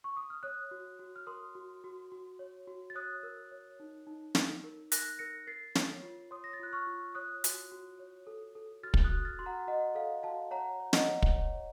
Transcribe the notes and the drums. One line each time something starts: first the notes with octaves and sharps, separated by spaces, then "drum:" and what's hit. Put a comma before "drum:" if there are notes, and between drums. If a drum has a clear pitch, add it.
C#6
D#6
F6
C#5 D#6 F#6
F#4
F#4
F6
A#4 C6 D#6
F#4
F#4
F#4
C#5
F#4
A6
C#5 D#6 F#6
A#4
C#5
D#4
D#4
D#4, drum: snare
A#4
A#4 F#6 A#6, drum: hi-hat
A#4 A#6 C#7
A#4 A6 C7
C#5, drum: snare
F4
C#5 C6 D#6
A#6
A6
F4 F#6
C#6 F6
F4
C#5 D#6 F#6
F#4, drum: hi-hat
F#4
C#5
A4
A4
F#4 F6 A6
drum: kick
D#6 F#6
F#4
F6 A6
F#4 C6
F#5 A#5
F#4 D#5 F#5
A4 F5
F#4 F5 A5
C#5 F#5 A#5
C#5
D#5 F#5, drum: snare
C#5
drum: kick
C#5